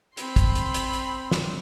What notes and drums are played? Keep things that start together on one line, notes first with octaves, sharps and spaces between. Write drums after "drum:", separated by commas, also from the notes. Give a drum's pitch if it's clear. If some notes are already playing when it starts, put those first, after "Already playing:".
C4 B5 C6, drum: hi-hat
drum: kick, hi-hat
drum: hi-hat
drum: hi-hat
drum: hi-hat
drum: snare